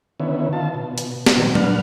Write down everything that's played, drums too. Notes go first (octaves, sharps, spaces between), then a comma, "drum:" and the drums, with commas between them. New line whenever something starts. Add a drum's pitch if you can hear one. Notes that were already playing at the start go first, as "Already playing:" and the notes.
D3 D#3 B3 C#4 E4
D#3 F4 A5
B2
drum: hi-hat
drum: snare
A#2 D#3 F#3 G3 B3 C4
A#2 D3 D4 B4 F#5 F6, drum: tom F#3